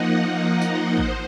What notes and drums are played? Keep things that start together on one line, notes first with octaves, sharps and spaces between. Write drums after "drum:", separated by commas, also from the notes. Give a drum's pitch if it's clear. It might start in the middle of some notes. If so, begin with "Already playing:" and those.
Already playing: F3 A#3 D#4 D#5 F#5
drum: tambourine
C5, drum: kick